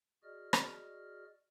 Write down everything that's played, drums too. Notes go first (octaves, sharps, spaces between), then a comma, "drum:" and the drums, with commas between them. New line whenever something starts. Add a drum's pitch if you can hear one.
F#4 G#4 D5 D#5 F6
drum: rim click